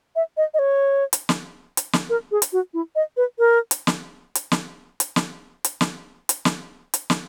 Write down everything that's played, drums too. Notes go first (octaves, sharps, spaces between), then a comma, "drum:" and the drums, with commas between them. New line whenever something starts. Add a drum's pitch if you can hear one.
E5
D#5
D#5
C#5
drum: hi-hat
drum: snare
drum: hi-hat
drum: snare
A#4
G#4
drum: hi-hat
F#4
E4
D#5
B4
A#4
drum: hi-hat
drum: snare
drum: hi-hat
drum: snare
drum: hi-hat
drum: snare
drum: hi-hat
drum: snare
drum: hi-hat
drum: snare
drum: hi-hat
drum: snare